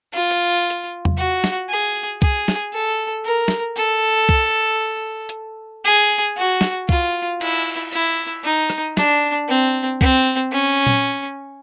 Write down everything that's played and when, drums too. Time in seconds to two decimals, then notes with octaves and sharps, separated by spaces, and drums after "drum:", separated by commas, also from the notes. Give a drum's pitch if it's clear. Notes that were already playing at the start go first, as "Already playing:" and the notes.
0.14 F4
0.31 drum: hi-hat
0.70 drum: hi-hat
1.05 drum: tom E2
1.17 F#4
1.44 drum: snare
1.69 G#4
2.22 G#4, drum: kick C2
2.48 drum: snare
2.73 A4
3.25 A#4
3.48 drum: snare
3.77 A4
4.29 drum: kick C2
5.29 drum: hi-hat
5.85 G#4
6.37 F#4
6.61 drum: snare
6.89 F4, drum: kick C2
7.41 E4, drum: cymbal
7.92 E4, drum: open hi-hat
8.44 D#4
8.70 drum: rim click
8.97 D4, drum: snare
9.49 C4
10.01 C4, drum: kick C2
10.52 C#4
10.87 drum: tom A#2